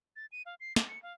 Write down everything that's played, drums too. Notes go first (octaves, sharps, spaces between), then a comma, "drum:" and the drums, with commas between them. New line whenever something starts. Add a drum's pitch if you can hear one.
A6
D#7
F5
C7
D6, drum: snare
C#7
F5